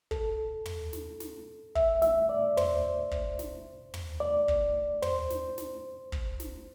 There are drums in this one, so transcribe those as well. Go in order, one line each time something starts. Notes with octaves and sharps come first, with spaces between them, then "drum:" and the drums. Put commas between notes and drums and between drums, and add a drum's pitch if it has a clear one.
A4, drum: kick
drum: tom
drum: snare
drum: snare
E5, drum: kick
E5, drum: snare
D5
C5, drum: tom
drum: kick
drum: snare
drum: tom
D5
drum: kick
C5, drum: tom
drum: snare
drum: snare
drum: kick
drum: snare